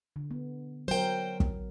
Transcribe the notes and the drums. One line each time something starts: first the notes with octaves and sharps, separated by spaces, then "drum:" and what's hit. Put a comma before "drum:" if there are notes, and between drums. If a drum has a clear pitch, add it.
D3
B3
F#3 A#4 C5 G5
drum: kick